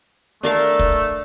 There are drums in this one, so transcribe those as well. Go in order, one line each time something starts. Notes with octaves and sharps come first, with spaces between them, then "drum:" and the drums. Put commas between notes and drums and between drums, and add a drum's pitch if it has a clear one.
A3 D4 A#4 F5
drum: kick